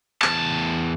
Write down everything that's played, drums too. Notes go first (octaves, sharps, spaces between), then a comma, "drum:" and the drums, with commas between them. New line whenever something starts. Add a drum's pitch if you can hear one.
E2 A5, drum: clap